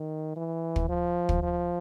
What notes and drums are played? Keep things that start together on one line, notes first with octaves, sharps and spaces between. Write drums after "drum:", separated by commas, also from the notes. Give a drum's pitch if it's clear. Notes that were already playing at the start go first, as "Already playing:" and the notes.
Already playing: D#3
E3
drum: kick
F3
drum: kick
F3